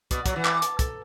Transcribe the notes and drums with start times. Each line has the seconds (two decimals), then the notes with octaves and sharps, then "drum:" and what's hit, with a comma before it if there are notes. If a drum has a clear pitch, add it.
0.11 B2 D5, drum: kick, hi-hat
0.26 F#3 D5, drum: kick, hi-hat
0.36 E3
0.45 D6, drum: clap
0.62 A5, drum: hi-hat
0.79 A4, drum: kick, hi-hat